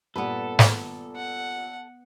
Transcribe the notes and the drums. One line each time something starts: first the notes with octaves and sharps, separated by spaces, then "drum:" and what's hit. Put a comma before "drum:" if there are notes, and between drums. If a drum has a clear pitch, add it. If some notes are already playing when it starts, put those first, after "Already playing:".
G2 A#2 B3 A4 B4
drum: snare
F#5